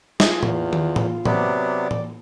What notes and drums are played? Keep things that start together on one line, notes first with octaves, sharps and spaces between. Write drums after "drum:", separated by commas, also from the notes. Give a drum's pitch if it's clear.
F4 G#4, drum: snare
E2, drum: tom
drum: tom D#3
drum: tom
C3 F#3 B3 D5, drum: tom
drum: tom